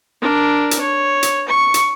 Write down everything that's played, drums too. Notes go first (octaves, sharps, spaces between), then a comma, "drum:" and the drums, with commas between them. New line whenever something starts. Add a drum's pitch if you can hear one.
D4 A#4
drum: hi-hat
C#5
drum: hi-hat
C#6
drum: hi-hat